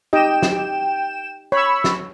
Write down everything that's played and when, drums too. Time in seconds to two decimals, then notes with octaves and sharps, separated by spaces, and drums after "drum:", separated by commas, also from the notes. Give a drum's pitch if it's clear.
0.13 D#4 G4 D#5 G5 E7
0.42 drum: snare
0.53 G4
1.52 C#5 B5 C#6 E6
1.84 drum: snare